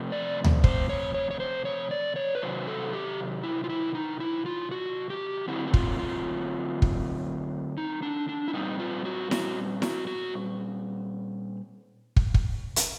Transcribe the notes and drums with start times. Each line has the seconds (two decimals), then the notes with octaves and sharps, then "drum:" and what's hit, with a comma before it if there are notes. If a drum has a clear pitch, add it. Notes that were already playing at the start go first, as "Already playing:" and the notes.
Already playing: C3 F3 A3 C4
0.12 D5
0.44 drum: tom D2
0.64 C5, drum: kick
0.89 C#5
1.15 C#5
1.31 C#5
1.40 C5
1.65 C#5
1.91 D5
2.16 C#5
2.35 B4
2.42 C3 D#3 F#3 C5
2.67 A4
2.93 G4
3.43 E4
3.64 F4
3.69 E4
3.95 D#4
4.20 E4
4.46 F4
4.71 F#4
5.10 G4
5.48 D3 F#3 A3 C4 E4
5.68 E4
5.74 F4, drum: kick
5.99 F4
6.82 drum: kick
7.77 D#4
8.03 D4
8.29 D4
8.48 E4
8.54 A#2 G3 C4 D#4
8.79 F4
9.05 F#4
9.31 F#4, drum: snare E4
9.82 F#4, drum: snare E4
10.07 F#4
12.16 drum: kick
12.34 drum: kick
12.76 drum: hi-hat